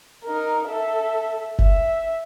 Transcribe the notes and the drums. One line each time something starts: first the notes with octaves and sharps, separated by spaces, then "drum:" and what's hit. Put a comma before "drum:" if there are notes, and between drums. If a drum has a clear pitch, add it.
D#4 A#4
A4 E5
E5, drum: kick F#1